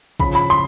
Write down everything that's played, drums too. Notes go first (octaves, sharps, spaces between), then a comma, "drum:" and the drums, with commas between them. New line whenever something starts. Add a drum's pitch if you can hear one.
C#3 F3 B5, drum: kick A#1
B5
C6